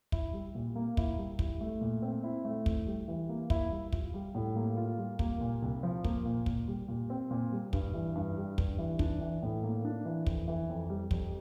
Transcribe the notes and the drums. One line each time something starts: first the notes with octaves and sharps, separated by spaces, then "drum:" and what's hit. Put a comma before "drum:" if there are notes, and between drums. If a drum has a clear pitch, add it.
E4, drum: kick
G3
A#2
A#3
E4, drum: kick
G3
E4, drum: kick
A3
A#2
C4
E4
A3
E4, drum: kick
G3
E3
A#3
E4, drum: kick
G3
F4, drum: kick
G3
A2
A#3
F4
G3
A#3, drum: kick
A#2
C2
F3
A#3, drum: kick
A#2
A#2, drum: kick
G3
A#2
C4
A#2
G3
G2, drum: kick
E3
G2
G3
G2, drum: kick
E3
D4, drum: kick
E3
A2
A#3
D4
E3
F2, drum: kick
E3
F2
G3
F2, drum: kick